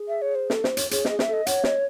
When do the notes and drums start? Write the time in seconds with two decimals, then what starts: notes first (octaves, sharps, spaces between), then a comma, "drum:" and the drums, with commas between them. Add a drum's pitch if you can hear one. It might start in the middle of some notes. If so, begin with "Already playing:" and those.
Already playing: G#4
0.08 E5
0.22 C#5
0.35 C5
0.50 A4, drum: snare
0.64 C5, drum: snare
0.77 C#5, drum: hi-hat
0.91 G#4 C#5, drum: hi-hat
1.05 D#5, drum: snare
1.10 G#4
1.19 E5, drum: snare
1.28 A4 D#5
1.46 C#5 F#5, drum: hi-hat
1.64 D#5, drum: snare